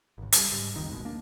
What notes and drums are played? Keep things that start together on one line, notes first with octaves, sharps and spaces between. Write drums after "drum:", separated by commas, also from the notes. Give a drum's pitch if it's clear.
G#1 C#2
C#3 G3, drum: hi-hat
G#2 G3
D1 C2 F2 D#3
E1 A#1 B2 G#3
A#3 D4